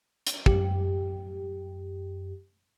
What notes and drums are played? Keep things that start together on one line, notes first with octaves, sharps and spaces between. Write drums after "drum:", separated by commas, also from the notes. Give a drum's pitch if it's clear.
drum: hi-hat
F#2 G4, drum: kick